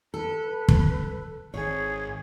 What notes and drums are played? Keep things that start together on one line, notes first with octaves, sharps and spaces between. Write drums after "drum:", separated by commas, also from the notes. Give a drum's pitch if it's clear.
A4 B4
drum: kick
G#1 G#4 C#5